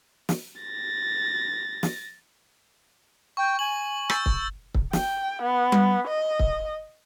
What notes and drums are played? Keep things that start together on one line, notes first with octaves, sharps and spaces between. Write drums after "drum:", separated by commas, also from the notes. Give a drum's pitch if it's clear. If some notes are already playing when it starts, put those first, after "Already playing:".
drum: snare
A6 A#6
drum: snare
G5 C#6
G#5 F#7
E6 G6 A6, drum: rim click
drum: kick
drum: kick
G5, drum: snare
B3
drum: tom G3
D#5
drum: kick